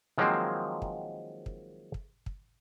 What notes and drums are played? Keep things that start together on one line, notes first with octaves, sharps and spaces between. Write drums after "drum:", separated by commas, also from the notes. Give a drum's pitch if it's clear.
D#3 F3 F#3 G#3 A#3 C4
drum: kick
drum: kick
drum: kick
drum: kick